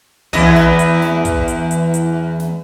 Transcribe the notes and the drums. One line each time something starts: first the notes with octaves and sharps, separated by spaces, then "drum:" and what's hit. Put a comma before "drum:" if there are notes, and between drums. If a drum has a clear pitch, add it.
E2 E4 D#5, drum: tom
drum: snare
drum: hi-hat
drum: snare
drum: kick, hi-hat
drum: hi-hat
drum: hi-hat
drum: hi-hat
drum: snare